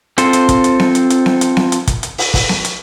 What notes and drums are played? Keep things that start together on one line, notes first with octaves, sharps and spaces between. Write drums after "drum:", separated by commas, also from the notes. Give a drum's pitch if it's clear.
C4 F4 A4 C5, drum: hi-hat
drum: hi-hat
drum: kick, hi-hat
drum: hi-hat
drum: snare B3
drum: hi-hat
drum: hi-hat
drum: snare B3
drum: hi-hat
drum: snare B3
drum: hi-hat
drum: kick, hi-hat
drum: hi-hat
drum: open hi-hat
drum: kick, open hi-hat
drum: snare B3
drum: hi-hat